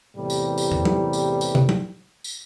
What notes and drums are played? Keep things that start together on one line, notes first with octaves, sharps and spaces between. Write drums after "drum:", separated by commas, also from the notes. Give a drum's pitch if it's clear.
E2 A2 C3 E3 G3
drum: tambourine
drum: tambourine
drum: tom
drum: tom
drum: tambourine
drum: tambourine
drum: tom
drum: tom
drum: tambourine